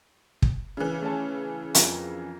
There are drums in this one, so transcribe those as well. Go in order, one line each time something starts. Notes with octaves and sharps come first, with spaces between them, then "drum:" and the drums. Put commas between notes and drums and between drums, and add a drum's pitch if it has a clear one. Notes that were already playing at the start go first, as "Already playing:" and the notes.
drum: kick
C#3 E3
A3 C#4 A5
F2 A#3, drum: hi-hat